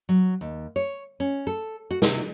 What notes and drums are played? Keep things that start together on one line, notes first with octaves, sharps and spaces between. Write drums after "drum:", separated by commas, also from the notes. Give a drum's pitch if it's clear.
F#3
D#2
C#5
C#4
A4
F#4
C3, drum: snare